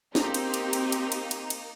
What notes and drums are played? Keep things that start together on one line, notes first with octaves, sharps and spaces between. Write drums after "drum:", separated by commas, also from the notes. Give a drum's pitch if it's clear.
A#3 C4 D#4 G4, drum: snare
drum: cymbal
drum: cymbal
drum: cymbal
drum: cymbal
drum: cymbal
drum: cymbal
drum: cymbal